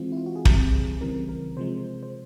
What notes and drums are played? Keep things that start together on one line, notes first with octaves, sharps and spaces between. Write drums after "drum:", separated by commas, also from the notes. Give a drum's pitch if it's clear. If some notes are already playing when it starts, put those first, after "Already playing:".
Already playing: E3 G#3 C4 F4
E4
F4
F#4
G#4
E3 G3 C4, drum: kick
C#3 E3 G3 C4 A#4
A#4
C3 F3 G#3 C5
C5